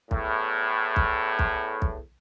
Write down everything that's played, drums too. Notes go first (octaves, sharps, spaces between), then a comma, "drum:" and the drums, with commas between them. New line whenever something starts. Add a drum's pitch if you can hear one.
E2 A2, drum: kick
drum: kick
drum: kick
drum: kick